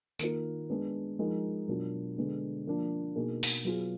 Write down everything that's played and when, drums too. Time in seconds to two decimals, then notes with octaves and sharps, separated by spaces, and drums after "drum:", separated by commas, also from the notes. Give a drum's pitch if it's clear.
0.19 D#3 A#3 F4 A#4, drum: tambourine
0.70 G#3 B3 D4
1.19 F3 G#3 D#4 A#4
1.68 B2 F#3 D4 F4 A#4
2.18 D3 G#3 B3
2.67 F3 A#3 D4
3.16 B2 A#3 D#4 G#4
3.43 drum: open hi-hat
3.65 F#3 B3 F4 G#4